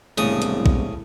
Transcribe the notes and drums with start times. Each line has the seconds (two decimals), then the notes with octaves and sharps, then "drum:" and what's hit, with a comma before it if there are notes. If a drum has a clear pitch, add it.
0.18 E1 C2 A2 C#3 D#6
0.42 drum: hi-hat
0.66 drum: kick